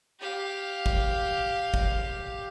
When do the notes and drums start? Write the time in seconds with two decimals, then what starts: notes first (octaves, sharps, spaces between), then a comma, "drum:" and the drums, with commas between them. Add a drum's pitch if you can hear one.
0.20 G4 F5
0.86 drum: kick
1.74 drum: kick